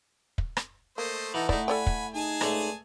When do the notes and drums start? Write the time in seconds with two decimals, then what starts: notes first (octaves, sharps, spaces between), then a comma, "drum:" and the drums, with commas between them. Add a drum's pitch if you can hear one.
0.38 drum: kick
0.57 drum: rim click
0.98 A3 A#3 C5 D#5
1.34 E3 D#4 A4 F#5
1.49 A3 D#4 E4 D5, drum: kick
1.68 A4 D5 G5 G#5 B5
1.86 drum: kick
2.14 D#4 G#4 G#5 A5
2.41 C#2 D3 A3, drum: rim click